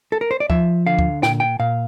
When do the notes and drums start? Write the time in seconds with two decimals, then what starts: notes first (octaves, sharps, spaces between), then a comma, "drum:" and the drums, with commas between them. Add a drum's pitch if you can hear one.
0.12 A4
0.21 A#4
0.31 C5
0.40 D5
0.50 F3 E5, drum: kick D2
0.86 D3 F5
0.99 drum: kick D2
1.23 A#2 G5, drum: snare
1.40 G5
1.59 A#2 F5